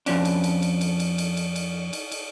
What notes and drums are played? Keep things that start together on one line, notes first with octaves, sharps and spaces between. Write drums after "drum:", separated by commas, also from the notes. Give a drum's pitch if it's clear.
F2 F3 C#4 D4, drum: cymbal
drum: cymbal
drum: cymbal
drum: cymbal
drum: cymbal
drum: cymbal
drum: cymbal
drum: cymbal
drum: cymbal
drum: cymbal
drum: cymbal